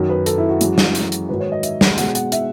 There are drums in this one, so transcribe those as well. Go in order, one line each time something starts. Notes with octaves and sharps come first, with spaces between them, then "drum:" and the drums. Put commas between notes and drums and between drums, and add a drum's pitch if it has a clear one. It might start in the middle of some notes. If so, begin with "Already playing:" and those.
Already playing: F#2 D#3 F#3
B4
A4, drum: hi-hat
E4
F#4
F#2 E3 G#3, drum: hi-hat
drum: snare
drum: hi-hat
drum: hi-hat
G#2 D#3 F#3 B4
C#5
D#5
E5, drum: hi-hat
F#5, drum: snare
B2 G#3 F#5, drum: hi-hat
F#5, drum: hi-hat
E5, drum: hi-hat